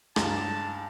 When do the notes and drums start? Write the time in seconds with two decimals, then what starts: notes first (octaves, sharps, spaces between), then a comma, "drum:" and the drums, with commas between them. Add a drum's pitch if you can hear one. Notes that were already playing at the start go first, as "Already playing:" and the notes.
0.16 C#2 G2 A5 A#5, drum: rim click